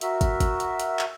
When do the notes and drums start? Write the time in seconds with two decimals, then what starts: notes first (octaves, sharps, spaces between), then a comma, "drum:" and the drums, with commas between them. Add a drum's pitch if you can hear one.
0.01 F#4 A#4 E5, drum: hi-hat
0.21 drum: kick, hi-hat
0.40 drum: kick, hi-hat
0.60 drum: hi-hat
0.80 drum: hi-hat
0.99 drum: clap